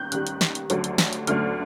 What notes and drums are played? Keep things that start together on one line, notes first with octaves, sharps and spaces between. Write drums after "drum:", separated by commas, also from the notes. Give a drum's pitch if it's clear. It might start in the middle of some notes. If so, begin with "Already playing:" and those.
Already playing: D#2 D#3 G3 F#6 G6
D#2 D#3 G3 F#6, drum: hi-hat
drum: hi-hat
drum: snare
drum: hi-hat
D2 D3 F#3 A3, drum: hi-hat
drum: hi-hat
drum: snare
drum: hi-hat
D2 D3 F#3 A3 F6, drum: hi-hat